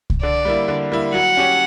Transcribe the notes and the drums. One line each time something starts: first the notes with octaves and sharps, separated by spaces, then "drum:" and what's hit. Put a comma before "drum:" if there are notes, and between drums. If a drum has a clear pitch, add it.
drum: kick C2
D3 D5
G3 A#3 E4
D3
G3 A#3 E4
F#3 F#5
C#4 G4 C#5